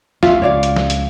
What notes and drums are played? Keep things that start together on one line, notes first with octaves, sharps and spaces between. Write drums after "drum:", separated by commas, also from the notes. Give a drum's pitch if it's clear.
A1 D#2 F4 E5 F5, drum: snare
C#2 C#5 D5 F5
drum: hi-hat
drum: snare
drum: hi-hat